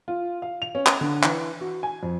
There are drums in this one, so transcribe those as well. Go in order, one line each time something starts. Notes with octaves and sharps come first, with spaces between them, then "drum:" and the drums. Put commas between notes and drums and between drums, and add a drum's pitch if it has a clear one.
F4
F5
F7
C#4
drum: clap
D3
E3, drum: clap
F#4
G#5
F2